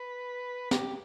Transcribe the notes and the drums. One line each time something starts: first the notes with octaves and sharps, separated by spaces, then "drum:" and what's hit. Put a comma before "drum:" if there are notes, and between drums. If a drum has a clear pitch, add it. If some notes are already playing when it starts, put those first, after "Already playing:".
Already playing: B4
G4, drum: snare